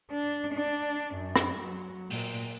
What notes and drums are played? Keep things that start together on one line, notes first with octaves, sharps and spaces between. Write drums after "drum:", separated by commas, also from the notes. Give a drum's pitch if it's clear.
D4
D4
F#2
drum: rim click
F#3
A#2, drum: open hi-hat